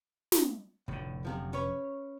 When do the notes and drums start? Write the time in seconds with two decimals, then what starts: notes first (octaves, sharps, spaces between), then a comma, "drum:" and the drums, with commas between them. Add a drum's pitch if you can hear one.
0.32 drum: snare
0.88 F1 A2 D3
1.25 F#2 C3 F3
1.53 C#4 B4 C#5